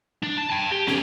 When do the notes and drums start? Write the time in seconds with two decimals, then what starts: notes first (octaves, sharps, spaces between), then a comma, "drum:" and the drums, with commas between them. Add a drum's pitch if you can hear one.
0.23 D4
0.38 A5
0.50 G5 A5
0.72 G4
0.87 B3 C#4, drum: snare